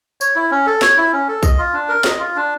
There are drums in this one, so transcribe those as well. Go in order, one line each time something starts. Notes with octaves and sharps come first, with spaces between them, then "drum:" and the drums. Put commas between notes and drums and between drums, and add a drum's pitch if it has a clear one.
C#5, drum: tambourine
E4
C#4
A4
C#5, drum: snare
E4
C#4
A4
D#5, drum: kick B1, tambourine
F4
D4
A#4
D#5, drum: snare
F4
D4